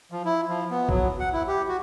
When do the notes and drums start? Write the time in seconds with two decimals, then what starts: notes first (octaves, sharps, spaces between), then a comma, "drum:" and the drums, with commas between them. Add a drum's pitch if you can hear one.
0.12 F3
0.25 E4
0.48 F3
0.71 B3
0.89 F#3, drum: kick A#1
1.20 F#5
1.33 E4
1.48 G4
1.68 F#4